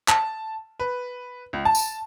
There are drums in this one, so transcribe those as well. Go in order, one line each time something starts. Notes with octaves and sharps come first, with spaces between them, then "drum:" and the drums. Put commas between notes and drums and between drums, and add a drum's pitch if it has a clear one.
A5, drum: clap
B4
C#2
A5
drum: tambourine